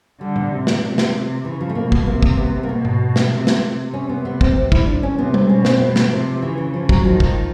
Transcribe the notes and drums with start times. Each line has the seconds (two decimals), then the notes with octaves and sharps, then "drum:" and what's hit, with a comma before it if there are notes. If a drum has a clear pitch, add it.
0.20 D3 G3
0.36 drum: tom A2
0.51 C3
0.67 drum: snare
0.82 C3
0.98 drum: snare
1.14 C3
1.44 C#3 E3
1.61 F3
1.69 A3
1.75 B2 A#3
1.92 B3, drum: kick
2.06 C3 A#3
2.22 drum: kick
2.37 B3
2.63 A#3
2.69 B2 B3
2.85 drum: tom G#2
3.16 drum: snare
3.31 C3
3.47 drum: snare
3.63 C3
3.94 C#4
4.09 B3
4.25 B3
4.41 C4, drum: kick
4.56 C4
4.72 E4, drum: kick
4.86 D4
5.03 C#4
5.18 C3 B3
5.34 C4, drum: tom G3
5.49 B2 C#4
5.65 C4, drum: snare
5.80 B2 B3
5.96 drum: snare
6.11 C3 F3
6.42 C#3 E3
6.58 E3
6.74 F3
6.89 F#3, drum: kick
7.05 D#3 F3
7.20 drum: kick